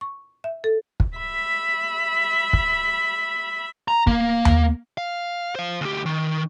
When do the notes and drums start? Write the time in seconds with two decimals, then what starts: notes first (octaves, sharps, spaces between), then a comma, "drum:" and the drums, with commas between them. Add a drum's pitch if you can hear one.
0.01 C#6
0.44 E5
0.64 A4
1.00 drum: kick
1.18 E5 B5
2.53 drum: kick
3.88 A#5
4.07 A#3, drum: kick
4.45 drum: tom D#2
4.98 F5
5.55 C5 F5
5.81 D2 G4
6.06 D#3